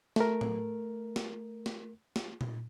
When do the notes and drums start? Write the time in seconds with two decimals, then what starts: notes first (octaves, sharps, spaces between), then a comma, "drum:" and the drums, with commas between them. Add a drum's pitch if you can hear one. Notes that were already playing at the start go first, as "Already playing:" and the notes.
0.16 A3 A#4, drum: snare
0.41 drum: tom
1.16 drum: snare
1.66 drum: snare
2.16 drum: snare
2.41 drum: tom A#2